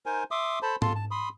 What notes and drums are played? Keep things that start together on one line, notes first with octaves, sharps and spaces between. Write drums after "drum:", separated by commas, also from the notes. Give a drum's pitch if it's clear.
D#4 A#4 C5 G#5
E5 C6 D6 D#6
A4 C5 A5 B5
F4 A4 A5 C6, drum: tom G#2
A5
B5 C6 D#6